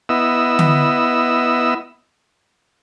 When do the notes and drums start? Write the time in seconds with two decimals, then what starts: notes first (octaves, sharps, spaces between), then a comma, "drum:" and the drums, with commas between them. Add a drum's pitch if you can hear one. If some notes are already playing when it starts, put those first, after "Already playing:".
0.09 B3 E4 D#5 E6
0.59 drum: tom D3